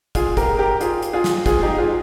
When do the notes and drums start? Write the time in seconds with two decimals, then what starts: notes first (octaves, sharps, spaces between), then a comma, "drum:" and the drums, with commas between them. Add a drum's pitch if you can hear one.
0.15 F4 G#4, drum: kick, hi-hat
0.37 G4 A#4, drum: kick, hi-hat
0.58 G4 A#4
0.81 F4 G#4, drum: hi-hat
1.02 drum: hi-hat
1.13 F4 G#4
1.24 drum: snare
1.46 F4 G#4, drum: kick, hi-hat
1.63 D#4 G4
1.78 F4 G#4